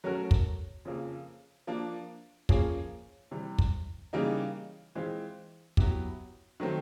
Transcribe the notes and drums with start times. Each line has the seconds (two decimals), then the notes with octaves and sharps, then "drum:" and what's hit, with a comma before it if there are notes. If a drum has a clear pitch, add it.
0.04 F#3 A3 C#4 F#4 A#4
0.31 drum: kick
0.85 F2 C#3 F3 A#3
1.67 F3 A#3 D4
2.49 F3 A#3 C#4 F4 G#4, drum: kick
3.31 C3 E3 G3
3.59 drum: kick
4.13 C#3 E3 G3 A#3 D#4
4.95 E3 G#3 C4 F4
5.77 F#3 B3 E4 G4, drum: kick
6.60 D#3 F#3 A3 C4